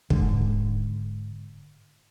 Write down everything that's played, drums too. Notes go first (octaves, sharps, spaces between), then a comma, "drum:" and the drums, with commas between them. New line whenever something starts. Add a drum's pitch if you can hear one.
G#2 D3, drum: kick